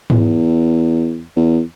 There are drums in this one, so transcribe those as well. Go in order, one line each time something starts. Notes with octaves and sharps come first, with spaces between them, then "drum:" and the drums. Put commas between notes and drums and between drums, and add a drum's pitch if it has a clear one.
E2, drum: tom G#2
E2